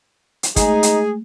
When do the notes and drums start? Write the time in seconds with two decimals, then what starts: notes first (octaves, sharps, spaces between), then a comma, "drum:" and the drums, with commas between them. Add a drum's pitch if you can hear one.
0.43 drum: hi-hat
0.56 G#3 A3 D#4 G#4, drum: kick, hi-hat
0.83 drum: hi-hat